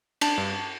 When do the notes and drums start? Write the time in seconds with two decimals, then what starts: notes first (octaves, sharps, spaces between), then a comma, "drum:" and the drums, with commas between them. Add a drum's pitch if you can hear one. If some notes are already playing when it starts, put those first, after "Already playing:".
0.21 D4 A5, drum: cymbal
0.38 G2